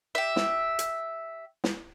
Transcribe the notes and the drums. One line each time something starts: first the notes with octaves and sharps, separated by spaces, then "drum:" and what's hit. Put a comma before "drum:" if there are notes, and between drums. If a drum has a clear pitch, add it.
G4 E5
drum: snare
drum: hi-hat
drum: snare